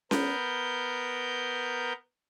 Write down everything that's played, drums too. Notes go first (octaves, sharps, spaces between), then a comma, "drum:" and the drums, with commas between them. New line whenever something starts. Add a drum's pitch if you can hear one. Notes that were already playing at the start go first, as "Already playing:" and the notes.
B3 A#4 G6, drum: snare C#4